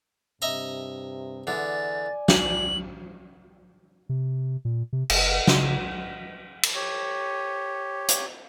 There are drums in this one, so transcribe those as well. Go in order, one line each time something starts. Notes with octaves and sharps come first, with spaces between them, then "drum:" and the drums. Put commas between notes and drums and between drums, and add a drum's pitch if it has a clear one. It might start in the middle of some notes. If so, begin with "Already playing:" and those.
G2 C3 D#5 E5 A#5
E2 D3 D5 G#5 A6
D4 F#7, drum: snare
C3
A#2
C3
F#1, drum: cymbal
C#3, drum: snare
drum: cymbal
G4 C#5
drum: hi-hat